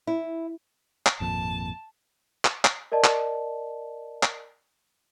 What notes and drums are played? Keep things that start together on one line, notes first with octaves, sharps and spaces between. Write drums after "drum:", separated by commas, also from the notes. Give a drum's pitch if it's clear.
E4
drum: clap
G#1 F2 A#2 A5
drum: clap
drum: clap
A#4 D5 D#5 A5
drum: clap
drum: clap